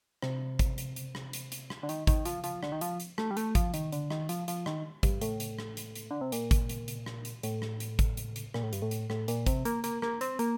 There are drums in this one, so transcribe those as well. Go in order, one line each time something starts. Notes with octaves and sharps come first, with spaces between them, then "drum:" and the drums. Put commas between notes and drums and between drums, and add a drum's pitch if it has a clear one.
C3, drum: rim click
drum: kick G#1, hi-hat
drum: hi-hat
drum: hi-hat
drum: rim click
drum: hi-hat
drum: hi-hat
drum: rim click
D3
D#3, drum: hi-hat
D#3, drum: kick G#1, hi-hat
F3, drum: hi-hat
F3, drum: hi-hat
D3, drum: rim click
D#3
F3, drum: hi-hat
drum: hi-hat
A3, drum: rim click
G3
A3, drum: hi-hat
F3, drum: kick G#1, hi-hat
D#3, drum: hi-hat
D3, drum: hi-hat
D#3, drum: rim click
F3, drum: hi-hat
F3, drum: hi-hat
D#3, drum: rim click
G2, drum: kick G#1, hi-hat
A2, drum: hi-hat
drum: hi-hat
drum: rim click
drum: hi-hat
drum: hi-hat
D3
C3
A#2, drum: hi-hat
drum: kick G#1, hi-hat
drum: hi-hat
drum: hi-hat
drum: rim click
drum: hi-hat
A2, drum: hi-hat
drum: rim click
drum: hi-hat
drum: kick G#1, hi-hat
drum: hi-hat
drum: hi-hat
A#2, drum: rim click
A2
G2, drum: hi-hat
A2
drum: hi-hat
A2, drum: rim click
A#2, drum: hi-hat
C3, drum: kick G#1, hi-hat
A#3, drum: hi-hat
A#3, drum: hi-hat
A#3, drum: rim click
C4, drum: hi-hat
A#3, drum: hi-hat